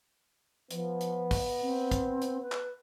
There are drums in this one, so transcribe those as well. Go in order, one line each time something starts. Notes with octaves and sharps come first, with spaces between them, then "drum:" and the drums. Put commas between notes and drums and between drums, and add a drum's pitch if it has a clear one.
F3 B3, drum: hi-hat
drum: hi-hat
drum: kick, open hi-hat
C4
drum: kick, hi-hat
drum: hi-hat
B4
drum: clap